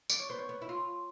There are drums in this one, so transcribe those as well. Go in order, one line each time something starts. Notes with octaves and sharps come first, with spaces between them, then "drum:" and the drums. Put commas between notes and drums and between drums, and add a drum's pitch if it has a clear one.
D5, drum: tambourine
C#5
B3 C5
C#5
B3
E4
F4